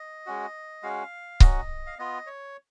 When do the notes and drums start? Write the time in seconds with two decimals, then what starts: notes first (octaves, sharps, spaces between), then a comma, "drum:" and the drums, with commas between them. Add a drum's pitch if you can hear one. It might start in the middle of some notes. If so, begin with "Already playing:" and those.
Already playing: D#5
0.26 G#3 C#4 F#4
0.83 G#3 C#4 F#4 F5
1.40 F#3 C#4 F#4 D#5, drum: kick C#1
1.86 F5
1.99 B3 F4 D#5
2.27 C#5